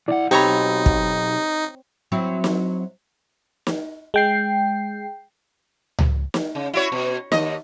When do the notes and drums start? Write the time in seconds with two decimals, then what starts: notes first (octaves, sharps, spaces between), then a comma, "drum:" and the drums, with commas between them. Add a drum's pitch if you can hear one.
0.08 B1 E4 D5 F#5
0.31 B1 C4 D#4 G4 C#5 A#5 B5
0.86 drum: kick
2.12 F#3 C4 E4
2.44 drum: snare
3.67 drum: snare
4.14 G#3 G5 C7
5.99 drum: tom C#2
6.34 drum: snare
6.55 C#3
6.73 E4 F#4 C#5
6.92 B2
7.32 D#2 D#5, drum: snare